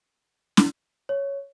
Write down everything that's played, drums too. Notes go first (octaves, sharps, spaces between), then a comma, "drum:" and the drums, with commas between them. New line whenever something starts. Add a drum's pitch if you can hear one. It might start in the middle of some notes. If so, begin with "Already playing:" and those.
drum: snare
C#5